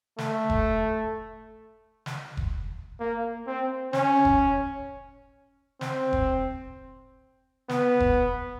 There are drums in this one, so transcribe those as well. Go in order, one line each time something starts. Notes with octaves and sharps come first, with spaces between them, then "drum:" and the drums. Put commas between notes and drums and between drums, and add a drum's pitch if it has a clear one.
A3, drum: snare
drum: kick F1
drum: snare
drum: kick F1
A#3
C4
C#4, drum: snare
drum: kick F1
C4, drum: snare
drum: kick F1
B3, drum: snare
drum: kick F1